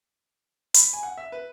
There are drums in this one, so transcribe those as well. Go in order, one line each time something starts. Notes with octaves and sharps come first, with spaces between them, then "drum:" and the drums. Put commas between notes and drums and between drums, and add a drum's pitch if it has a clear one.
B5, drum: hi-hat
G#5
F#5
E5
B4